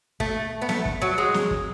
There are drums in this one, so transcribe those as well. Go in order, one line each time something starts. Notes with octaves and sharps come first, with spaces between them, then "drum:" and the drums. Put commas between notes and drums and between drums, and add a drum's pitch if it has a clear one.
A3, drum: kick
B3
A3, drum: snare
drum: kick
F#3
G#3
drum: snare
drum: kick